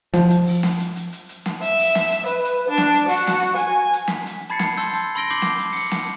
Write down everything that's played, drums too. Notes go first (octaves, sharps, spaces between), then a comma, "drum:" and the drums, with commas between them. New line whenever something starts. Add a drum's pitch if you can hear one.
F3, drum: snare
drum: hi-hat
drum: open hi-hat
drum: snare
drum: hi-hat
drum: hi-hat
drum: hi-hat
drum: hi-hat
drum: snare
E5, drum: hi-hat
drum: open hi-hat
drum: snare
drum: hi-hat
B4, drum: hi-hat
drum: hi-hat
D4
drum: snare
drum: hi-hat
F#4, drum: open hi-hat
drum: snare
G#5, drum: hi-hat
drum: hi-hat
B6, drum: snare
drum: hi-hat
A5 B5 G#6 A6 C7 C#7
drum: snare
A5 C6 E6 G6, drum: hi-hat
drum: hi-hat
B5 C6 E6 A#6 D7 G7
D6 G6 C7 F#7
drum: snare
drum: hi-hat
C#7, drum: open hi-hat
drum: snare